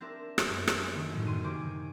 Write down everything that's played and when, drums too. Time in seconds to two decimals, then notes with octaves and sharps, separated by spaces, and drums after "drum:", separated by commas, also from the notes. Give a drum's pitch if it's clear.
0.01 C4 D4 A#4 E5
0.38 drum: rim click
0.49 F#2
0.67 drum: rim click
0.94 D#3 A3 A#3 C4
1.12 A2 F#3
1.25 F#2 D#3 G3 C6 D#7
1.43 C3 D#3 C5 G#5 D6